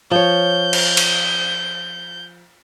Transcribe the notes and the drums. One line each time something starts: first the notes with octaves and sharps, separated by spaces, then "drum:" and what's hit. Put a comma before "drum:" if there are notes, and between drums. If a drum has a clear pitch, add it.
F3 C#5 G6
drum: cymbal
drum: cymbal